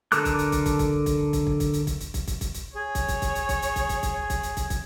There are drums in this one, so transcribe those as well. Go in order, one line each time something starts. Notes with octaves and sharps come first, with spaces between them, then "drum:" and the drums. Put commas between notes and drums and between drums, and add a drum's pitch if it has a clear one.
D3 A4 A#4 D6 F#6, drum: hi-hat
drum: kick, hi-hat
drum: hi-hat
drum: kick, hi-hat
drum: kick, hi-hat
drum: kick, hi-hat
drum: kick, hi-hat
drum: kick, hi-hat
drum: kick
drum: kick, hi-hat
drum: hi-hat
drum: kick, hi-hat
drum: hi-hat
drum: kick, hi-hat
drum: kick, hi-hat
drum: kick, hi-hat
drum: hi-hat
G#4 C#5
drum: kick, hi-hat
drum: kick, hi-hat
drum: kick, hi-hat
drum: hi-hat
drum: kick, hi-hat
drum: hi-hat
drum: kick, hi-hat
drum: kick, hi-hat
drum: kick, hi-hat
drum: kick, hi-hat
drum: hi-hat
drum: kick, hi-hat
drum: kick, hi-hat